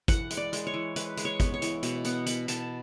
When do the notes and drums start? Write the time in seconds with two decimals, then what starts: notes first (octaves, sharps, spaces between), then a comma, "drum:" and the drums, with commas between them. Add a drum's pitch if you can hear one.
0.08 E3 F#5, drum: kick, hi-hat
0.30 G#3, drum: hi-hat
0.37 D5
0.53 G#3, drum: hi-hat
0.67 C#5
0.74 E3
0.96 G#3 B4, drum: hi-hat
1.17 G#3, drum: hi-hat
1.25 C#5
1.40 B3, drum: kick, hi-hat
1.54 C#5
1.62 E3, drum: hi-hat
1.83 B2, drum: hi-hat
2.04 B3 F#5, drum: hi-hat
2.26 B3 B5, drum: hi-hat
2.48 B2 A5, drum: hi-hat